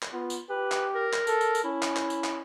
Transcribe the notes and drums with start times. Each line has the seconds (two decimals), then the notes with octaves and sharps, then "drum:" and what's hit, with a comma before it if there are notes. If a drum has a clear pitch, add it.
0.02 drum: clap
0.13 B3 F4
0.30 drum: tambourine
0.50 G4 B4
0.72 drum: clap
0.94 A#4
1.13 drum: clap
1.27 A4, drum: tambourine
1.41 drum: tambourine
1.55 drum: tambourine
1.64 C#4 E4
1.82 drum: clap
1.96 drum: clap
2.10 drum: tambourine
2.24 drum: clap